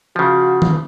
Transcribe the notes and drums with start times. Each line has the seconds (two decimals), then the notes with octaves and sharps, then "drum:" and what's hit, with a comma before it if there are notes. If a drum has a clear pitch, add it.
0.16 C#3 F3 F#4
0.62 drum: tom D#3